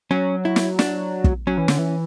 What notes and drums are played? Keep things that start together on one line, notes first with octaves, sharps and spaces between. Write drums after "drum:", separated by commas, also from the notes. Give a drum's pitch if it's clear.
F#3 C#4
E4
drum: snare
D4, drum: snare
drum: kick
F#3 C#4
E3
D3, drum: snare
E3